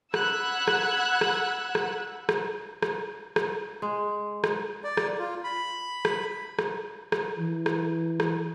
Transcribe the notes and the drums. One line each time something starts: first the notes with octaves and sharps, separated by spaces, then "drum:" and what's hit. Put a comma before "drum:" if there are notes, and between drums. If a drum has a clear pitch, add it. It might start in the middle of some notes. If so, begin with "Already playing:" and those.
F#5 B5 E6 F#6 G#6, drum: rim click
drum: rim click
drum: rim click
drum: rim click
drum: rim click
drum: rim click
drum: rim click
G#3
drum: rim click
D5
drum: rim click
F4
B5
drum: rim click
drum: rim click
drum: rim click
E3
drum: rim click
drum: rim click